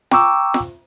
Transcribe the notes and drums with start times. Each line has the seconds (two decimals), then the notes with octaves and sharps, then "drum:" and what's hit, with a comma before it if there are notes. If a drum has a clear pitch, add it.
0.11 G5 A#5 C#6 D6 E6, drum: snare F4
0.54 drum: snare F4